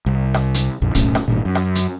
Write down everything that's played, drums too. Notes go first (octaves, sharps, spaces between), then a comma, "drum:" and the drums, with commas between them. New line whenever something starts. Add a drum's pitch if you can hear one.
C2
drum: rim click
drum: hi-hat
A#1 F2
B1 A2 C#4, drum: kick, hi-hat
drum: rim click
G#1 G2 A#2
F#2
drum: rim click
drum: hi-hat